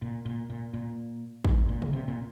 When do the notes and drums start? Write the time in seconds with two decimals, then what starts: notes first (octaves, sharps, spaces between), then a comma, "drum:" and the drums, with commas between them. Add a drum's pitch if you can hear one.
0.02 A#2
0.26 A#2
0.50 A#2
0.74 A#2
1.45 G#2, drum: kick
1.69 A#2
1.82 drum: tom C3
1.93 C3
2.08 A#2